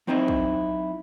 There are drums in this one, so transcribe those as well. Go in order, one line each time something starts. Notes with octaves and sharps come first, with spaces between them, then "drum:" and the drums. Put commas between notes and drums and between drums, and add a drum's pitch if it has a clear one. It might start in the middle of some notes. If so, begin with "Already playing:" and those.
F#3 C4 D#4 E4 C5 D#5
drum: kick